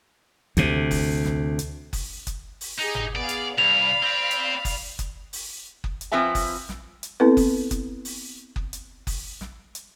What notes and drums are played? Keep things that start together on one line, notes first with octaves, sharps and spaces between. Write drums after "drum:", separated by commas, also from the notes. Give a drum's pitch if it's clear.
D2 C3, drum: hi-hat
drum: kick F#1, open hi-hat
drum: snare
drum: hi-hat
drum: kick F#1, open hi-hat
drum: kick F#1, hi-hat
drum: open hi-hat
D#4 G4 G#4
drum: tom G1
B3 G#4 D5 F5
drum: hi-hat
C2 D5 F5 B5 F7
C4
drum: hi-hat
drum: kick F#1, open hi-hat
drum: kick F#1, hi-hat
drum: open hi-hat
drum: kick F#1
drum: hi-hat
F3 C4 F4 B4 E5 G#5
drum: kick F#1, open hi-hat
drum: snare
drum: hi-hat
B3 C4 E4 A4 B4
drum: kick F#1, open hi-hat
drum: kick F#1, hi-hat
drum: open hi-hat
drum: kick F#1
drum: hi-hat
drum: kick F#1, open hi-hat
drum: snare
drum: hi-hat